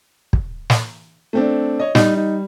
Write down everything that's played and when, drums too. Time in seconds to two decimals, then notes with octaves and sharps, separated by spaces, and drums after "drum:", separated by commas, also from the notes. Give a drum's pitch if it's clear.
0.33 drum: kick
0.70 drum: snare
1.33 A3 C4 D4
1.79 C#5 D#5
1.95 G3 D#4, drum: snare
2.17 D#4